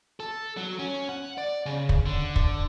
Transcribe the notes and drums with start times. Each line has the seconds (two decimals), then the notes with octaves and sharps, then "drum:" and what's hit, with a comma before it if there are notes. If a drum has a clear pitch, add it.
0.20 A4
0.57 F#3
0.79 C#4
1.09 F#5
1.38 D5
1.66 C#3
1.89 drum: kick
2.06 D3
2.36 drum: kick